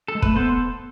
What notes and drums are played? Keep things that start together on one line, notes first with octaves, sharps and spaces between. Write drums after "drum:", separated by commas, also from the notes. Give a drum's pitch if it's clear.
A4
G#3
A3 B4, drum: kick
B3 A4 C5